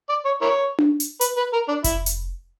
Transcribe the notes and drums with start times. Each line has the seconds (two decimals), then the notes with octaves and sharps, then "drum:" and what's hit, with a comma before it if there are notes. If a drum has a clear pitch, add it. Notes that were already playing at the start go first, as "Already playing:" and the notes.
0.09 D5
0.25 C#5
0.41 E4 A#4 C#5
0.79 drum: tom D4
1.00 drum: hi-hat
1.21 B4, drum: hi-hat
1.37 B4
1.53 A#4
1.68 D4
1.84 E4, drum: kick F1, hi-hat
2.06 drum: hi-hat